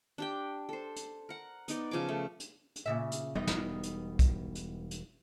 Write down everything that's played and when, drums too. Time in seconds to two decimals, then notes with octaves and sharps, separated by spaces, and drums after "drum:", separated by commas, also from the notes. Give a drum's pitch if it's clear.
0.18 D4 G4 G5
0.69 A4 C5
0.96 drum: hi-hat
1.29 A#4 F#5
1.68 B3 D#4 D5, drum: hi-hat
1.91 C#3 F3 G#5 D6
2.09 A3
2.40 drum: hi-hat
2.76 drum: hi-hat
2.86 A#2 C#3 E5
3.12 drum: hi-hat
3.35 E1 G3 B3 D#4
3.47 drum: snare
3.83 drum: hi-hat
4.19 drum: kick B1, hi-hat
4.55 drum: hi-hat
4.91 drum: hi-hat